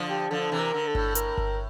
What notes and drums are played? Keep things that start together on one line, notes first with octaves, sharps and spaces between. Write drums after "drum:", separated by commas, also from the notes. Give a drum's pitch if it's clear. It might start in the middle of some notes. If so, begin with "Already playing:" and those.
Already playing: D3 F3
G4
D3 F3 A4
C3 E3
A#4
D3
A4
A2, drum: kick G1
A#4, drum: hi-hat
drum: kick G1